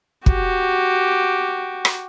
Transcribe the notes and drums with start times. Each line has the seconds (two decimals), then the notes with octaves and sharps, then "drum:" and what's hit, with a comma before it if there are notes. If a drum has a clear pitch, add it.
0.26 F#4 G4, drum: kick
1.85 drum: rim click